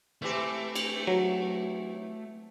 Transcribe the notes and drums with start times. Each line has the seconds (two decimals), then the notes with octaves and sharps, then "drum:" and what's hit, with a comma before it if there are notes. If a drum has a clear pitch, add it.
0.22 E3 A3 C4 G4
0.75 drum: cymbal
1.07 F#3